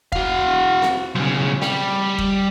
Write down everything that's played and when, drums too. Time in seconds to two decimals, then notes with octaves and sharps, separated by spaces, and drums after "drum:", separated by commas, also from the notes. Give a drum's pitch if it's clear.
0.12 F#4 F5, drum: kick F1
0.82 drum: snare C4
1.15 B1 C#3
1.61 G3, drum: snare C4
2.18 drum: kick F1